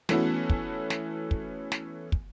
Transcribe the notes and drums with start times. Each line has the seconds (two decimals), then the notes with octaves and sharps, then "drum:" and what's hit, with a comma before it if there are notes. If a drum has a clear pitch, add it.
0.09 E3 A3 B3 C#4 E4 F#4, drum: snare
0.50 drum: kick
0.90 drum: snare
1.31 drum: kick
1.72 drum: snare
2.12 drum: kick